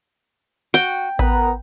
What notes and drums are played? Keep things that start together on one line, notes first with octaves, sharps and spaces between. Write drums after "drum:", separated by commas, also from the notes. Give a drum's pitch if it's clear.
F#4 G5, drum: hi-hat
B3 A#4 B4 A#5, drum: kick A1